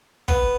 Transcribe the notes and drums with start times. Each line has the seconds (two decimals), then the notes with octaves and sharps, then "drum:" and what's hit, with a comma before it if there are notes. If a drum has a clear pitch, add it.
0.28 B3, drum: kick